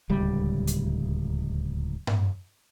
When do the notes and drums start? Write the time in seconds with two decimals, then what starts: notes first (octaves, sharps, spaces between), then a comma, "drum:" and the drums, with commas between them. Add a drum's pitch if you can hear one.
0.10 D1 C#2 G3
0.67 drum: hi-hat
2.07 drum: tom G2